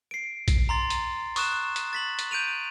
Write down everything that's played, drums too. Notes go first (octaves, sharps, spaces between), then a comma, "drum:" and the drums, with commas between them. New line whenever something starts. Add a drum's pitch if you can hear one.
C7 D7
drum: kick A#1, hi-hat
A#5 C6 A6
drum: hi-hat
C#6 D#6 F#6 E7, drum: open hi-hat
drum: hi-hat
A6 B6 F#7
drum: hi-hat
G6 D7 D#7 F7